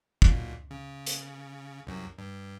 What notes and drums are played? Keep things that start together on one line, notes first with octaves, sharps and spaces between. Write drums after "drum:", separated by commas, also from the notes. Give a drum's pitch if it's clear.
B1 A#2, drum: kick
C#3
drum: hi-hat
C2 F#2
G2